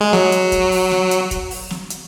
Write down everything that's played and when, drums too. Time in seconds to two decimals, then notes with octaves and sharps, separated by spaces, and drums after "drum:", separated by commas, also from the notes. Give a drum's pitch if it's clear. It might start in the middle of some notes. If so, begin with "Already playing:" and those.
0.01 G#3
0.13 F#3, drum: snare
0.32 drum: hi-hat
0.52 drum: kick, hi-hat
0.72 drum: open hi-hat
0.91 drum: snare
1.11 drum: hi-hat
1.31 drum: kick, hi-hat
1.51 drum: open hi-hat
1.70 drum: snare
1.90 drum: hi-hat